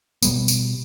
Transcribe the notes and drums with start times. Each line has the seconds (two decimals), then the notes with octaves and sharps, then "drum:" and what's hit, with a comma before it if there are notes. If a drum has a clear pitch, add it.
0.22 B2 G3 B3, drum: tambourine
0.48 drum: tambourine